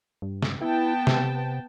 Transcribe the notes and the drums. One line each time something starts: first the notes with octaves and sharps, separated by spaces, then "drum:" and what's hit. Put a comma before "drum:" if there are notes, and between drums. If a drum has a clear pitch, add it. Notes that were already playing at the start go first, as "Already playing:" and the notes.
G2
drum: snare
B3 E4 G5 A5
C3, drum: snare